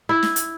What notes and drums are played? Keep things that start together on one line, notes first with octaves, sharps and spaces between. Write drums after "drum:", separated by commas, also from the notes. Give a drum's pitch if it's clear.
E4
drum: snare
drum: hi-hat